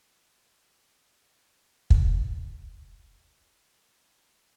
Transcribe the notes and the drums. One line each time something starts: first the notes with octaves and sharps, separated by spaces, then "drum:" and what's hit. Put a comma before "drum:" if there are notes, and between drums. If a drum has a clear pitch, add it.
C#3 G#3 C4
drum: kick
B3
E4
F4
G4
E3
C5